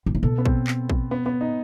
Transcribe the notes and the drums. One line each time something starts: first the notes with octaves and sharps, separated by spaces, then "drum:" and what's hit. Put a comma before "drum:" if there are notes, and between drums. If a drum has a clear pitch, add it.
G2
A2
B2 A4
B3
C4, drum: kick
drum: clap
drum: kick
B3
B3
D#4